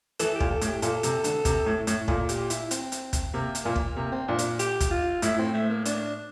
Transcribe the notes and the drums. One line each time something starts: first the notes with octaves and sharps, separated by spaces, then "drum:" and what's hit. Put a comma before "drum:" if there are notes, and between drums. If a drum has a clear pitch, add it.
E3 A4, drum: hi-hat
G4
A#2, drum: kick
A4
A2, drum: hi-hat
G4
A#2 A4, drum: hi-hat
C3, drum: hi-hat
D3, drum: hi-hat
C3, drum: kick, hi-hat
A2
A2, drum: hi-hat
A#2 A4, drum: kick
G4, drum: hi-hat
E4, drum: hi-hat
C4, drum: hi-hat
drum: hi-hat
drum: kick, hi-hat
C3 A#3
drum: hi-hat
A#2 A#3
drum: kick
C3 A#3
C4
A#2 D4
drum: hi-hat
G4, drum: hi-hat
drum: kick, hi-hat
F4
A2 E4, drum: hi-hat
C4
A3
A#3
D4, drum: hi-hat